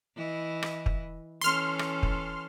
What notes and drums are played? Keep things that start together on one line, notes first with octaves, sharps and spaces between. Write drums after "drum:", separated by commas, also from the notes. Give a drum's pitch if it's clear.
E3 E4 D#5
drum: rim click
drum: kick
E3 C#4 A4 C6 F6
drum: rim click
drum: kick